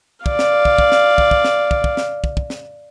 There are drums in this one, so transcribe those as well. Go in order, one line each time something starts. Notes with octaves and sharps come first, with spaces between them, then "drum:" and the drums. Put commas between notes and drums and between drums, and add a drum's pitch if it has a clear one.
D5 F5, drum: kick
drum: snare
drum: kick
drum: kick
drum: snare
drum: kick
drum: kick
drum: snare
drum: kick
drum: kick
drum: snare
drum: kick
drum: kick
drum: snare